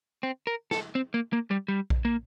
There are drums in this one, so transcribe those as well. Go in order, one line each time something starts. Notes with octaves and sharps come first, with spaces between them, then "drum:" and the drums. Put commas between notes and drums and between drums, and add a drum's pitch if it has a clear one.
C4
A#4
A4, drum: snare
C4
A#3
A#3
G3
G3
drum: kick A#1
A#3